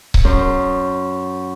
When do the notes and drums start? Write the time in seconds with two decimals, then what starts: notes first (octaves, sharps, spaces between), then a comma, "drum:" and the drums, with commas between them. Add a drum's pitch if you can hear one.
0.14 drum: kick C#1
0.24 F#2 C6